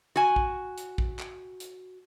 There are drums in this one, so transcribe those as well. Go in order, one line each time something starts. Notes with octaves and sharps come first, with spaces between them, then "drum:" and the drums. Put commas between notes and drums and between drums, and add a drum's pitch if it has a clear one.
F#4 G#5
drum: kick A#1
drum: hi-hat
drum: kick A#1
drum: clap
drum: hi-hat